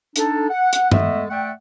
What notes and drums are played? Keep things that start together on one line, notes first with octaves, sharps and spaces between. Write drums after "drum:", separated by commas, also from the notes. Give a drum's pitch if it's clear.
D4 D#4 A4, drum: hi-hat
F#5
drum: hi-hat
G#3 A3 B3 A4 D#5 E5, drum: tom G2
A3 D5 E5 F#5 G5